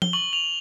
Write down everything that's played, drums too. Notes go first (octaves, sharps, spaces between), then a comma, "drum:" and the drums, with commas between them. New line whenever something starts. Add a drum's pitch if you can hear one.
G7, drum: tom F3
C#6 F#7
F7